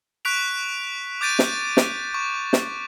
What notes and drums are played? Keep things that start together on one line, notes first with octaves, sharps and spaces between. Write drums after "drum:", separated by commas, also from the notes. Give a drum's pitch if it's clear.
C#6 F#6 B6 D7 F7
D6 F#6 G6 A6 D7 D#7
drum: snare
drum: snare
C#6
drum: snare